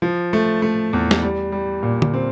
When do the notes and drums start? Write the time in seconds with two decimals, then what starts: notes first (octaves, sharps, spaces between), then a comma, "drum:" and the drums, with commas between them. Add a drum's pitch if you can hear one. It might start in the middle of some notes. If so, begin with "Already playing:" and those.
0.02 F3
0.33 A3
0.62 A3
0.93 E2
1.11 drum: snare
1.22 G3
1.52 G3
1.83 A#2
2.02 drum: tom D3
2.14 C4